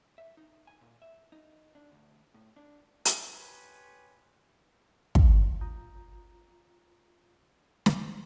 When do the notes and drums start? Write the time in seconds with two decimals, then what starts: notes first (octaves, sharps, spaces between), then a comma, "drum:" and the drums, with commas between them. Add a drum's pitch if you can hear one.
0.18 E5
0.37 D#4
0.67 G#5
0.81 A#2
1.02 E5
1.32 D#4
1.75 D4
1.92 D2
2.34 A2
2.56 D4
3.05 drum: hi-hat
3.22 G4 B4 C#5 G#5 B5 C6
5.15 drum: kick
5.61 F4 A#5 D#6 G6
7.86 drum: snare